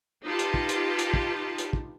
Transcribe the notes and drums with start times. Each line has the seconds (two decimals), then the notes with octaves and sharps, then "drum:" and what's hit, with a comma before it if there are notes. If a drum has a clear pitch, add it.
0.24 D#4 F4 G4 B4 A5
0.39 drum: hi-hat
0.54 drum: kick
0.69 drum: hi-hat
0.99 drum: hi-hat
1.14 drum: kick
1.58 drum: hi-hat
1.73 drum: kick